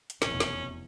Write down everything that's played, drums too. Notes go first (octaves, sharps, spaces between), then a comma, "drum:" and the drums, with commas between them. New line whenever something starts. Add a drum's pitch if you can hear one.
drum: hi-hat
F1 E2 B2 C#4, drum: snare
drum: snare